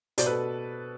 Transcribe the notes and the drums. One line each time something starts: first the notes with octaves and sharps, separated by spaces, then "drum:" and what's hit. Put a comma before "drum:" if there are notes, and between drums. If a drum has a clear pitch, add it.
B2 C5 D5, drum: hi-hat
A4 B4